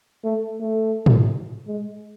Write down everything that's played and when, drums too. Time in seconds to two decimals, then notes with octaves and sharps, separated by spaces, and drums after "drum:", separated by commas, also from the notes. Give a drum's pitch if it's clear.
0.24 A3
0.60 A3
1.06 drum: tom
1.67 G#3